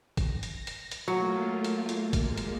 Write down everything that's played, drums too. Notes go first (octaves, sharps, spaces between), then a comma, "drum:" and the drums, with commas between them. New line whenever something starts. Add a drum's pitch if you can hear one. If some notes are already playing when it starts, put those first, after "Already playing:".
A#6, drum: kick, hi-hat
drum: hi-hat
drum: hi-hat
drum: hi-hat
F#3 A3 A#3 F4
drum: hi-hat
drum: hi-hat
G#3 A#3 F4, drum: kick, hi-hat
drum: hi-hat